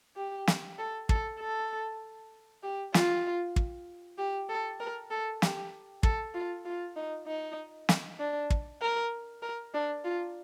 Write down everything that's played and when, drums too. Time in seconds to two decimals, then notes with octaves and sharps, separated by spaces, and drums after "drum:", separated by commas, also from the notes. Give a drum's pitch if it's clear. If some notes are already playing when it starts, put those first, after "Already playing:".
0.17 G4
0.47 drum: snare
0.79 A4
1.09 A4, drum: kick
1.40 A4
2.63 G4
2.94 F4, drum: snare
3.56 drum: kick
4.18 G4
4.49 A4
4.80 A#4
5.11 A4
5.42 G4, drum: snare
6.03 A4, drum: kick
6.34 F4
6.65 F4
6.96 D#4
7.27 D#4
7.89 drum: snare
8.20 D4
8.50 drum: kick
8.81 A#4
9.42 A#4
9.74 D4
10.05 F4